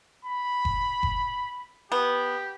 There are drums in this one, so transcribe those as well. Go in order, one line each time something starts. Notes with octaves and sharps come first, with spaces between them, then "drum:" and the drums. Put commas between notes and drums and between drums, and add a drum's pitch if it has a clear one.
B5
drum: kick F#1
drum: kick F#1
B3 G4